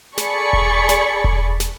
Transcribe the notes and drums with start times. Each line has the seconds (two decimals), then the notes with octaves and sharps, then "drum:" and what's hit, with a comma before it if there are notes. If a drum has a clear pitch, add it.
0.18 G#4 A4 D5 B5 C#6, drum: snare
0.53 drum: kick E1
0.89 drum: snare
1.24 drum: kick E1
1.60 drum: snare